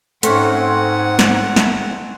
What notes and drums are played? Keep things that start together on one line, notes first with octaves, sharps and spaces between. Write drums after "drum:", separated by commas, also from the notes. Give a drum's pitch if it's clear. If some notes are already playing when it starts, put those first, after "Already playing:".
G#2 A3 C4 C#4 F#5, drum: hi-hat
drum: snare
drum: snare